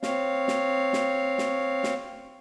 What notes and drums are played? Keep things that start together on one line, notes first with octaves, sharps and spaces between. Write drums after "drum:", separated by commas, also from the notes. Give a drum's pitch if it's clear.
C4 C#5 F5, drum: snare
drum: snare
drum: snare
drum: snare
drum: snare